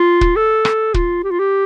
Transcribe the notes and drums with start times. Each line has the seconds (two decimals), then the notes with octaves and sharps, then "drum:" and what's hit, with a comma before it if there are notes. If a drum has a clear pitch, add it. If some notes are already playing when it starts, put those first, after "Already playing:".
Already playing: F4
0.21 drum: kick
0.36 A4
0.65 drum: rim click
0.94 F4, drum: kick
1.24 G4
1.31 F4
1.39 G4